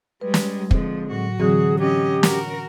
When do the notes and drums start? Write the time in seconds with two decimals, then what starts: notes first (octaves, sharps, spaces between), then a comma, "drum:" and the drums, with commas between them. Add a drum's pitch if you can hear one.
0.21 G3 G#3 B4
0.34 drum: snare
0.71 D3 F3 G#3 C4, drum: kick
1.11 A2 F#3 F#4 C#6
1.40 D3 E3 F#3 C4 G#4
1.79 C#4 G4 D#5
2.23 F#4 A#4, drum: snare